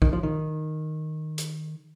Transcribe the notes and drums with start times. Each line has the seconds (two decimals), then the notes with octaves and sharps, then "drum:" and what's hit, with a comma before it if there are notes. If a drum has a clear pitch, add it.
0.02 D#3, drum: kick A#1
0.13 F3
0.23 D#3
1.38 drum: hi-hat